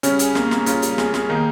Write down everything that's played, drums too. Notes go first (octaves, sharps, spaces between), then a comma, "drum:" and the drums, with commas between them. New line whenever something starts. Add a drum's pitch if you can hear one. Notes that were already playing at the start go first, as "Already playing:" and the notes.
C#3 G3 C#4, drum: hi-hat
G#4, drum: hi-hat
A#3, drum: snare
A#3, drum: snare
C#3 C#4 F4, drum: hi-hat
G3, drum: hi-hat
G#4, drum: snare
G#4, drum: snare
D#3 A#3 D#4